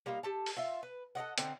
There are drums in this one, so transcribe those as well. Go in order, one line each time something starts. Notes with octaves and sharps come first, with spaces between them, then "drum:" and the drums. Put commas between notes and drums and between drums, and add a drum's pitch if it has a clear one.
G3 A#3 D#4 F4
G4 A4 A5
drum: open hi-hat
F4 E5
B4
A4 D5 D#5 F#5
D3 C4 D#4, drum: hi-hat